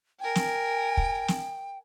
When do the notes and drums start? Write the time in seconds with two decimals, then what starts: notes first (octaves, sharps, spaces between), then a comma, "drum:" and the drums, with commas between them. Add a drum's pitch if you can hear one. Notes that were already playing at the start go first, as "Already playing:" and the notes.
0.20 A#4 G5 G#5
0.35 drum: snare
0.97 drum: kick
1.28 drum: snare